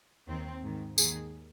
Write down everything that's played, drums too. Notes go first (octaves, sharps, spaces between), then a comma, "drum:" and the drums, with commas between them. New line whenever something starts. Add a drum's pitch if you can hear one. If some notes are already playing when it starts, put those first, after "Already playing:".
D#2 D#3 C4
G#2 D#3
D#2 D#3 G#4, drum: tambourine